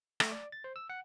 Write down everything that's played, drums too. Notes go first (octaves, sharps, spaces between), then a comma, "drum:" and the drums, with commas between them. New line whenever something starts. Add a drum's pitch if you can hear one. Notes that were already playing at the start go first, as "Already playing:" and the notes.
A3, drum: rim click
D5
A6
C5
E6
F#5